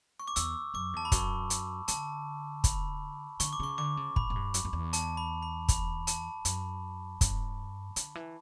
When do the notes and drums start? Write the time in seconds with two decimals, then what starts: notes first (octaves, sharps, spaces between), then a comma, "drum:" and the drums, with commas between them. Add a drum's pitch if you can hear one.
0.20 C#6
0.28 D6
0.36 E2 E6, drum: hi-hat
0.74 F#2 D6
0.93 E2 A5
1.05 B5
1.12 F#2 C#6, drum: kick, hi-hat
1.50 drum: hi-hat
1.88 D3 A5, drum: hi-hat
2.64 B5, drum: kick, hi-hat
3.40 D3 C#6, drum: hi-hat
3.53 D6
3.60 C#3 C#6
3.78 D3 D6
3.97 C#3
4.16 A2 B5, drum: kick
4.30 A2
4.36 G2
4.54 F#2, drum: hi-hat
4.65 F#2
4.73 E2
4.93 A5, drum: hi-hat
5.17 B5
5.43 B5
5.69 B5, drum: kick, hi-hat
6.07 A5, drum: hi-hat
6.45 F#2 B5, drum: hi-hat
7.21 G2, drum: kick, hi-hat
7.96 D3, drum: hi-hat
8.15 E3